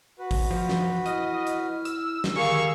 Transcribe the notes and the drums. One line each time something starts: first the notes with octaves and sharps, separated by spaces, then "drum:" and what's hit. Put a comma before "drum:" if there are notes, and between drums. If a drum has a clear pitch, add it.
F#4 B4
drum: kick, open hi-hat
F3
drum: snare
E4 D#5 F6, drum: hi-hat
drum: hi-hat
E6, drum: hi-hat
drum: snare
D3 D#3 G4 G#4 A#4 F5 G#5 C#6